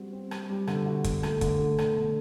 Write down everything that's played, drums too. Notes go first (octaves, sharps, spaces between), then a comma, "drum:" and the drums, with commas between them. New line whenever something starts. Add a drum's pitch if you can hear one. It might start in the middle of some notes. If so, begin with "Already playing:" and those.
Already playing: G3 C4 F#4
C4
G3, drum: rim click
G3
D3, drum: rim click
F#4
D3, drum: kick, hi-hat
A3, drum: rim click
D3, drum: kick, hi-hat
A3
D3, drum: rim click
D3